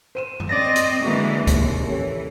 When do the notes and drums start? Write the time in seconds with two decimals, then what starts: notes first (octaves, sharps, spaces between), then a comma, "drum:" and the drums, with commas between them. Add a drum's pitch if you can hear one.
0.15 C5 D#7 E7
0.40 drum: tom F#2
0.49 C4 D5 D#5 A6 A#6
0.76 drum: hi-hat
1.03 D3 E3 G#3 A#3 F#4 C#6
1.47 D#2 C3, drum: kick, hi-hat
1.87 E3 C#4 G4 A4